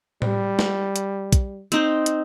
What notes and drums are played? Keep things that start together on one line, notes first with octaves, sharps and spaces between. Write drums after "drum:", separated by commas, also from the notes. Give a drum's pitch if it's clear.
G3, drum: tom A2
drum: snare
drum: hi-hat
drum: kick, hi-hat
C4 D#4 C5, drum: hi-hat
drum: hi-hat